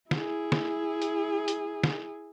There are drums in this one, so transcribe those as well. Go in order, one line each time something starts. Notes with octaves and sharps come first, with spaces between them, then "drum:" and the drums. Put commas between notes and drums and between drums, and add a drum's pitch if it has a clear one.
E4 G#4, drum: snare
drum: snare
drum: hi-hat
drum: hi-hat
drum: snare